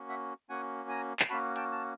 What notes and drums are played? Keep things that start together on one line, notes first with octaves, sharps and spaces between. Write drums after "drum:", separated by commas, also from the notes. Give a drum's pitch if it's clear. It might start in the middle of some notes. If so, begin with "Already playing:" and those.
Already playing: A#3 C#4 F#4
E5 F#5
A#3 C#4 F#4 F#5 G#5
G#5 A#5
drum: clap
A#3 C#4 F#4 A5 B5
G5 A5, drum: hi-hat
A5